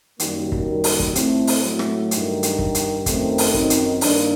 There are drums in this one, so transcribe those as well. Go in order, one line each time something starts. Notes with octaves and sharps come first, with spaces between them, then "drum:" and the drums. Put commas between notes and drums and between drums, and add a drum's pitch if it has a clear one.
F#2 D#3 G3 A#3, drum: hi-hat
drum: kick
G3 A#3
drum: open hi-hat
drum: kick
A2 A3 C4, drum: hi-hat
drum: open hi-hat
F#3 A3
drum: rim click
G2 D#3, drum: hi-hat
drum: hi-hat
drum: kick
drum: hi-hat
F#2 D#3 A3 C4, drum: kick, hi-hat
drum: open hi-hat
C4 D#4, drum: kick
drum: hi-hat
G2 D#3 A#3 D4, drum: open hi-hat